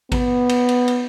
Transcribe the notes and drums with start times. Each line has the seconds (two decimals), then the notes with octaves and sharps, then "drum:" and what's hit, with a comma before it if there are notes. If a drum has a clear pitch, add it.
0.12 B3, drum: kick A1, cymbal
0.49 drum: cymbal
0.69 drum: cymbal
0.88 drum: cymbal